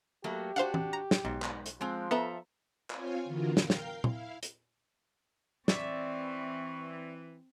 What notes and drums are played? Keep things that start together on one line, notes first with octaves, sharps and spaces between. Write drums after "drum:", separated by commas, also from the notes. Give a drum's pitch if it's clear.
F#3 A3 A#3 G4
D4 F#4 C5 F5 F#5
drum: tom E3
A#5
drum: snare
B1 G#2
drum: clap
drum: hi-hat
F3 G#3 C4
B3 A4 E5 A#5
C4 F4 C#5 F5 G#5, drum: clap
D3 E3 B3 F4 F#4 A#4
A#4 F5 G5 G6, drum: snare
drum: snare
E4 F5, drum: tom A#2
drum: hi-hat
E3 C4 D5 E5 C#6, drum: snare